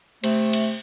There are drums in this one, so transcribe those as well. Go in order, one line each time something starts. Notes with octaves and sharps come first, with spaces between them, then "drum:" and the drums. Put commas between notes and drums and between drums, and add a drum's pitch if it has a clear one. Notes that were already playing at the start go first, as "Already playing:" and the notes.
C3 A3, drum: cymbal
drum: cymbal